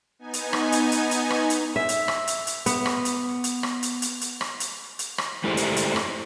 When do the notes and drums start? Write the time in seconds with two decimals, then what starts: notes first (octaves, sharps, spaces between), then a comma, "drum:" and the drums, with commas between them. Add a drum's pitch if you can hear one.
0.19 B3 D#4 G#5
0.33 drum: hi-hat
0.53 drum: rim click
0.72 drum: hi-hat
0.92 drum: hi-hat
1.11 drum: hi-hat
1.30 drum: rim click
1.50 drum: hi-hat
1.76 E5
1.89 drum: hi-hat
2.08 drum: rim click
2.27 drum: hi-hat
2.47 drum: hi-hat
2.66 B3, drum: hi-hat
2.86 drum: rim click
3.05 drum: hi-hat
3.44 drum: hi-hat
3.63 drum: rim click
3.83 drum: hi-hat
4.02 drum: hi-hat
4.21 drum: hi-hat
4.41 drum: rim click
4.60 drum: hi-hat
4.99 drum: hi-hat
5.18 drum: rim click
5.44 G#3 A3 E4 G4 B4 C5
5.57 drum: hi-hat
5.76 drum: hi-hat
5.96 drum: rim click